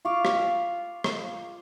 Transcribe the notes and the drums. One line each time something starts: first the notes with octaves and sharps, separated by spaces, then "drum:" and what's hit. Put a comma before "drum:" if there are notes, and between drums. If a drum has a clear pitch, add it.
F4 F5 C#6 D6
drum: rim click
drum: rim click